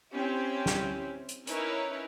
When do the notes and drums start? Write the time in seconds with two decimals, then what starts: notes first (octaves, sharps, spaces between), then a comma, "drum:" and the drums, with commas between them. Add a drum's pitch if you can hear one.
0.14 C4 C#4 E4 G4
0.66 drum: snare
1.29 drum: hi-hat
1.47 C#4 D#4 E4 A#4 B4 C#5, drum: hi-hat